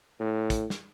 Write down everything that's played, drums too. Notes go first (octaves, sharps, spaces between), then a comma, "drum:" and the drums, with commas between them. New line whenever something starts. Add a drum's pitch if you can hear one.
A2
drum: kick, hi-hat
drum: snare